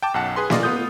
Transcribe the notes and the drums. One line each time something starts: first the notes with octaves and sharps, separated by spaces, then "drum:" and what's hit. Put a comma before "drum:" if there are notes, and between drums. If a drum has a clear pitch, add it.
G5 A5 D6
B1 F#2 F#5 A5
G#4 B4 C6
A#3 F4 D5 D#5, drum: snare
B3 F4 D#6 G6